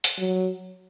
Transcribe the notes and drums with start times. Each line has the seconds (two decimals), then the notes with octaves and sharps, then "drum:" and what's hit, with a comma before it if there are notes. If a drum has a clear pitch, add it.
0.04 drum: hi-hat
0.19 F#3